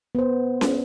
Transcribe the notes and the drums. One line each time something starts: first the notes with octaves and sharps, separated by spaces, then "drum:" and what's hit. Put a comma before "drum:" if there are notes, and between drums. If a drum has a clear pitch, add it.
B3 C5
drum: snare C#4